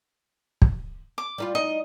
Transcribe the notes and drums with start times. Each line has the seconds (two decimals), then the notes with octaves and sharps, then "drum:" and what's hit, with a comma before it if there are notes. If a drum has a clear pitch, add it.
0.62 drum: kick
1.18 D6
1.38 G3 D#4 F4
1.55 D#4 D#5